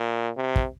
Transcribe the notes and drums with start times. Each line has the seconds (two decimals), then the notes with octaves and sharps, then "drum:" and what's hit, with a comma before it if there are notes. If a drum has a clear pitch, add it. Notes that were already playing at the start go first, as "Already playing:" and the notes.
Already playing: A#2
0.37 C3
0.56 drum: kick